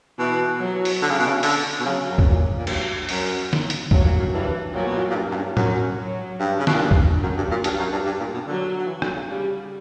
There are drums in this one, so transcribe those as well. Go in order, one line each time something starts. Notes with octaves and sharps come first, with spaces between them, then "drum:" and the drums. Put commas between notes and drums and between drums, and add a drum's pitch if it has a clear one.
B2 E3
F#3
drum: open hi-hat
D3
C#3
B2
C#3
D3, drum: open hi-hat
B2
C#3 F#3
F#2
G2, drum: kick C2
A#2
A#2
G2 F#3, drum: cymbal
F#2 F#3, drum: open hi-hat
drum: snare
drum: hi-hat
G2 F#3, drum: kick C2
A#2
F#2
G2 E3
A#2 F#3
B2
A#2
A#2
G2
F#2
G2
F#2 F#3, drum: tom A2
F#3
G2
C#3
B2, drum: snare
A#2
G2
drum: kick C2
F#2 F#3
G2
A#2
G2, drum: hi-hat
F#2
G2
G2
A#2
B2
D3 F#3
F#3
E3
D3, drum: rim click
C#3
C#3 G3